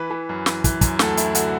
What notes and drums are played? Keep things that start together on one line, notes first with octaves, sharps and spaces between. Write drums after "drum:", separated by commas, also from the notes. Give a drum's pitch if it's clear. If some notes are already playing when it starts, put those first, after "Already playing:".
Already playing: E3 B4
E3
F#2
E3, drum: snare
E3, drum: kick, hi-hat
F#2, drum: kick, hi-hat
D2 A4, drum: snare
D2 E4, drum: hi-hat
D3 F#4, drum: hi-hat